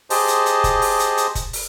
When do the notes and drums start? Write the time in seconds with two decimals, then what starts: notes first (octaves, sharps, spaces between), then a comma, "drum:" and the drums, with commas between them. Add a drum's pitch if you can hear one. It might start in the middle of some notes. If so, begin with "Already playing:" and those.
0.10 G4 G#4 C5 D#5 A5, drum: open hi-hat
0.28 drum: hi-hat
0.46 drum: hi-hat
0.64 drum: kick F1, hi-hat
0.82 drum: open hi-hat
1.00 drum: hi-hat
1.17 drum: hi-hat
1.35 drum: kick F1, hi-hat
1.53 drum: open hi-hat